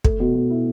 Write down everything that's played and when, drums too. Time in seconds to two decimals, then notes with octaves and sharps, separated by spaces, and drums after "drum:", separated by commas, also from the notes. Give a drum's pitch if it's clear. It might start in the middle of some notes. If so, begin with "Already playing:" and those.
0.04 A3, drum: kick
0.20 B2
0.35 B2
0.50 E4